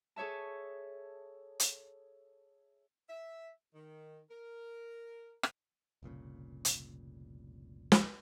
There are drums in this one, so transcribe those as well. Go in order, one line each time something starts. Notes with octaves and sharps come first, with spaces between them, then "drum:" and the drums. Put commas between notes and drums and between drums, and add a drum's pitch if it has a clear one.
G#4 A4 C#5 E5 A5
drum: hi-hat
E5
D#3
A#4
drum: rim click
F1 C2 A#2 C#3
drum: hi-hat
drum: snare